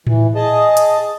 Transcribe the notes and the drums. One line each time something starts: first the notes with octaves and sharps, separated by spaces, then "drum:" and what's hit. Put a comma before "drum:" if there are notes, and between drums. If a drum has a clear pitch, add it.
E3, drum: tom A2
G#4 D#5 A5
drum: hi-hat